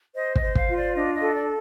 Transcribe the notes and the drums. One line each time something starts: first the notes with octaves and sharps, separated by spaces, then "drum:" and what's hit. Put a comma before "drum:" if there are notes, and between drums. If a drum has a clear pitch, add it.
C5 D#5
D#5, drum: kick
C5
F5, drum: kick
F4
D5
D4 D#5
D#5
A4
D5